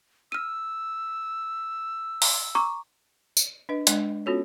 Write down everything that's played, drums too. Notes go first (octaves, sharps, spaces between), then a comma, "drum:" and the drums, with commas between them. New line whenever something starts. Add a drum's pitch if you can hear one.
E6 F6 D#7
drum: open hi-hat
A#5 C#6 D6
drum: tambourine
D4 B4 D#5
G#3 D4 D#5, drum: hi-hat
B3 C#4 F4 F#4 A4 C#5